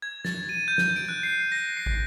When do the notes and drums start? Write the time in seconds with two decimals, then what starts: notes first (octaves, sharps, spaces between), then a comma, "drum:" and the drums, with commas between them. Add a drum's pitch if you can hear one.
0.02 G#6
0.25 A6, drum: snare
0.49 D#7
0.68 G6
0.78 drum: snare
0.96 D7
1.09 F#6
1.23 C7
1.52 A#6
1.77 C7
1.86 drum: kick